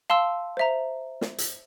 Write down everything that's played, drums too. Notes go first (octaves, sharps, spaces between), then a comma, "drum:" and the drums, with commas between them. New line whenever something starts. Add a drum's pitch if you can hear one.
F5 A5 C6 E6
C5 E5 A#5
drum: snare
drum: hi-hat